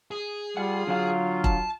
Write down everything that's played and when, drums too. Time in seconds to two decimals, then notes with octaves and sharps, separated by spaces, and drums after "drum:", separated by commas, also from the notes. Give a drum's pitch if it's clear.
0.11 G#4
0.57 G3 F4 F#5
0.87 D3 F#3 F5
1.44 A5, drum: kick E1